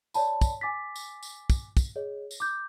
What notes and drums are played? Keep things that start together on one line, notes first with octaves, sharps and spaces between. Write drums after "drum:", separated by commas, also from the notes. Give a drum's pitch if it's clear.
C#5 D5 A5 B5, drum: tambourine
drum: kick, tambourine
G#5 D6 A6 B6
drum: tambourine
drum: tambourine
drum: kick, tambourine
drum: kick, tambourine
G#4 C#5 D#5
drum: tambourine
D6 G6